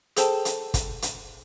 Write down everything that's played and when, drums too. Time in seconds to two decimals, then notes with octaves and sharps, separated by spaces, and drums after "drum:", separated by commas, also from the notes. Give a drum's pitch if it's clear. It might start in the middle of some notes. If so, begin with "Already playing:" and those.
0.17 G#4 A4 C5 G5 A5, drum: hi-hat
0.45 drum: hi-hat
0.74 drum: kick, hi-hat
1.02 drum: hi-hat